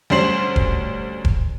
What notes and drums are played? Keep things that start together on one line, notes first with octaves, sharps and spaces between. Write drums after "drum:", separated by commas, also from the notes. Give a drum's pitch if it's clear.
D2 G3 C#4 C5 C7 F#7
drum: kick E1
drum: kick E1